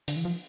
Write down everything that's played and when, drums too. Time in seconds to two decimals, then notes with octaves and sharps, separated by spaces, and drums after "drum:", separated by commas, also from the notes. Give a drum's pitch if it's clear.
0.08 D3, drum: hi-hat
0.16 E3
0.25 F3